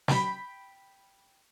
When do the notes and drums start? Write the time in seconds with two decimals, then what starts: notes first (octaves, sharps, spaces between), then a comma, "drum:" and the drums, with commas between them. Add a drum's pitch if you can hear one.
0.08 G5 B5, drum: snare